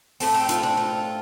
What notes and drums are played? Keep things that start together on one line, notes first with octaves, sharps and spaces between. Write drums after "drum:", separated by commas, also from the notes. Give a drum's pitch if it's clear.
A2 A3 C4 A4, drum: open hi-hat
G4
F4, drum: hi-hat
D4
F4